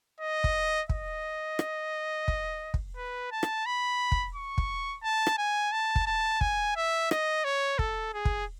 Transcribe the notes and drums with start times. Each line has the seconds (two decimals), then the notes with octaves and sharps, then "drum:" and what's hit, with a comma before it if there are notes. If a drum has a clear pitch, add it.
0.20 D#5
0.44 drum: kick
0.89 D#5, drum: kick
1.59 drum: rim click
2.28 drum: kick
2.74 drum: kick
2.97 B4
3.32 A5
3.43 drum: rim click
3.66 B5
4.12 drum: kick
4.35 C#6
4.58 drum: kick
5.03 A5
5.27 drum: rim click
5.38 G#5
5.72 A5
5.96 drum: kick
6.07 A5
6.41 G#5, drum: kick
6.76 E5
7.11 D#5, drum: rim click
7.44 C#5
7.79 A4, drum: kick
8.14 G#4
8.25 drum: kick